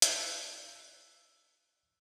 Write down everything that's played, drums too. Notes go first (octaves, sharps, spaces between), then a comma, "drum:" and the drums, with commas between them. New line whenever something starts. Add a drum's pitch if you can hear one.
E6 F#6 G6 B6 C7 D#7, drum: hi-hat